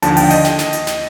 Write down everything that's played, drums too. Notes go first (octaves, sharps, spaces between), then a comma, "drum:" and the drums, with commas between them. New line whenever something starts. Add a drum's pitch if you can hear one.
D#2 D3 F3 A5, drum: hi-hat
G5, drum: open hi-hat
D#5, drum: hi-hat
drum: snare
drum: snare
drum: hi-hat
drum: snare